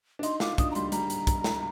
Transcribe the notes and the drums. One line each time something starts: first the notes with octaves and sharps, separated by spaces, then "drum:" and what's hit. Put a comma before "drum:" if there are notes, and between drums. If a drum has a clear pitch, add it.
D4
D#4 C6, drum: hi-hat
F4 D6, drum: snare
D4 D#6, drum: kick, hi-hat
A#5
G3 C6, drum: hi-hat
G3 A#5, drum: hi-hat
drum: hi-hat
drum: kick, hi-hat
drum: snare